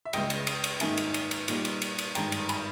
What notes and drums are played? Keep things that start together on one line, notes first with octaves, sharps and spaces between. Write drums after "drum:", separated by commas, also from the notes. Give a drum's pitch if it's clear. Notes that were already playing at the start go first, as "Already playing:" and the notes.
E5
C#2 C#3 G#3 D#5 G5, drum: cymbal
drum: cymbal
drum: cymbal
drum: cymbal
G#2 D#3 A#3 D#4 E5 G#5, drum: cymbal
drum: cymbal
drum: cymbal
drum: cymbal
A#2 G3 A#3 D#4, drum: cymbal
drum: cymbal
drum: cymbal
drum: cymbal
G#1 G2 D#3 G#3 G5 A#5, drum: cymbal
drum: cymbal
G#5 B5, drum: cymbal